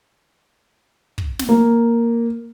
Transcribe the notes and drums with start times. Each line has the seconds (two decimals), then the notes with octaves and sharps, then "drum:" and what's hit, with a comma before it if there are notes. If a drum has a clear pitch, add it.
1.18 drum: kick
1.39 drum: snare
1.49 A#3